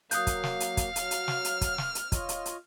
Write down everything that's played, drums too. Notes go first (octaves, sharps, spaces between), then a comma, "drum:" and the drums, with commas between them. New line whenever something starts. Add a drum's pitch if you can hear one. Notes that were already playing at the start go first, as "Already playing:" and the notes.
F#3 A#3 F5 D#6 F#6 G6, drum: hi-hat
drum: kick, hi-hat
drum: snare
drum: hi-hat
drum: kick, hi-hat
F#3 F6, drum: hi-hat
drum: hi-hat
drum: snare
drum: hi-hat
drum: kick, hi-hat
drum: snare
drum: hi-hat
F4 C#5 D#5, drum: kick, hi-hat
drum: hi-hat
drum: hi-hat